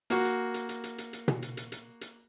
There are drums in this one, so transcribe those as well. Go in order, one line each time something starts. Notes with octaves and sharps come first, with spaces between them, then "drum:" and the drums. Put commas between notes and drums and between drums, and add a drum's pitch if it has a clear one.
A#3 F#4, drum: hi-hat
drum: hi-hat
drum: hi-hat
drum: hi-hat
drum: hi-hat
drum: hi-hat
drum: hi-hat
drum: tom B2
drum: hi-hat
drum: hi-hat
drum: hi-hat
drum: hi-hat